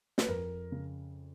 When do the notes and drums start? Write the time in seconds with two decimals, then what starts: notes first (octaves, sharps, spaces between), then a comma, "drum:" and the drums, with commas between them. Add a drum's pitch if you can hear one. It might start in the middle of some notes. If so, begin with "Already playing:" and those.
0.18 B4, drum: snare
0.28 F2 A#4
0.72 C#3